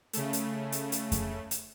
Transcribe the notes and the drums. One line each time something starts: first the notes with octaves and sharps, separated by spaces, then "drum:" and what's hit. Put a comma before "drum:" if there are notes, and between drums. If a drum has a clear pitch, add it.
C#3 A3, drum: hi-hat
drum: hi-hat
drum: hi-hat
drum: hi-hat
drum: kick F2, hi-hat
drum: hi-hat